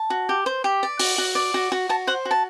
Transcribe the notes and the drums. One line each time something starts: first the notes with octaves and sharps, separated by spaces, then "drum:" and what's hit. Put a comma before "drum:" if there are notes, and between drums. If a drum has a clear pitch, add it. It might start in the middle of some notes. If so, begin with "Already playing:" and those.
Already playing: A5
F#4
G4
C5
G4
D5
F#4, drum: open hi-hat
F#4
D5
F#4
F#4
F#4 A5
C5 F#5
F#4
A5